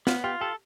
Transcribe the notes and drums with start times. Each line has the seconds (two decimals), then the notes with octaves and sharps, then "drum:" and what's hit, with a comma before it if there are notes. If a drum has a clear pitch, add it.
0.07 B3 F4, drum: snare
0.24 F4 G4
0.41 G4 A4